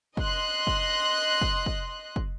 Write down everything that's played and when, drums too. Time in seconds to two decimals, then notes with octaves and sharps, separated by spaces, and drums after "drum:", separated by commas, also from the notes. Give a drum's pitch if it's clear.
0.17 D#5 C6 F#6, drum: kick
0.67 drum: kick
1.41 drum: kick
1.66 drum: kick
2.16 drum: kick